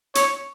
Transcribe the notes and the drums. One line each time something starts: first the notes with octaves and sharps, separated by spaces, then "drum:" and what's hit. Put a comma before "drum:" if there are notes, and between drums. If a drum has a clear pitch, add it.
C#5, drum: hi-hat